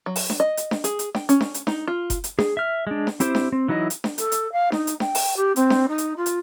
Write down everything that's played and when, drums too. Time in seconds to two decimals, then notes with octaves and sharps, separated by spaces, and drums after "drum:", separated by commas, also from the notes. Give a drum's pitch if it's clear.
0.06 F#3
0.16 drum: open hi-hat
0.30 drum: snare D4
0.40 D#5
0.57 drum: hi-hat
0.71 drum: snare D4
0.84 G#4, drum: hi-hat
0.99 drum: hi-hat
1.15 G5, drum: snare D4
1.29 C#4, drum: hi-hat
1.41 drum: snare D4
1.54 drum: hi-hat
1.67 D#4, drum: snare D4
1.88 F4
2.10 drum: kick F#1, hi-hat
2.24 drum: hi-hat
2.39 G#4, drum: snare D4
2.57 E5 F6
2.87 G#3 D4
3.07 drum: snare D4
3.20 C4 E4 G4 C5, drum: hi-hat
3.35 drum: snare D4
3.52 C4
3.68 E3 F#3 D#4 E4 D#5
3.90 drum: hi-hat
4.04 drum: snare D4
4.18 A4, drum: hi-hat
4.32 drum: hi-hat
4.52 F5
4.72 D#4, drum: snare D4
4.87 drum: hi-hat
5.00 G5, drum: snare D4
5.15 drum: open hi-hat
5.37 G4
5.56 C4, drum: hi-hat
5.70 drum: snare D4
5.88 D#4
5.98 drum: hi-hat
6.17 F4
6.26 drum: hi-hat